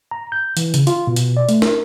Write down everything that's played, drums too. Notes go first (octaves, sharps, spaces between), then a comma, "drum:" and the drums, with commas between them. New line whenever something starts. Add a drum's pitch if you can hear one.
A#5
G6
E3, drum: hi-hat
C#3, drum: hi-hat
F4, drum: hi-hat
B2
drum: hi-hat
D5
A3, drum: hi-hat
A#4, drum: snare